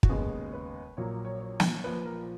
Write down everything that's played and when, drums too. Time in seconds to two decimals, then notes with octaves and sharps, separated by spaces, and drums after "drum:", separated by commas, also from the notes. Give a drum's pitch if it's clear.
0.03 F#4, drum: kick
0.09 D#2 C#3 G#3 B3 G#4
0.53 B4
0.97 A#1 A#2 F#3 A#3 C#5
1.25 C#5
1.40 C#5
1.60 drum: snare
1.84 A#1 A#2 F3 B4
2.05 A#4